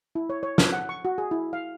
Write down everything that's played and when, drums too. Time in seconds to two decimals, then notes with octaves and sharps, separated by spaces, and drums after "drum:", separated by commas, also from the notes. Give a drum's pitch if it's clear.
0.15 E4
0.30 C#5
0.43 C#5
0.58 A4, drum: snare
0.73 F#5
0.89 C#6
1.05 F#4
1.18 G#4
1.31 E4
1.53 F5